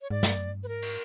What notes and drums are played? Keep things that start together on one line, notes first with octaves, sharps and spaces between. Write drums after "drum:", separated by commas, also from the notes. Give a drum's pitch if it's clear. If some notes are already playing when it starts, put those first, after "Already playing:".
C#5
G#2 D5
G2, drum: snare
F#2
G2
B4
G#2 A#4
drum: cymbal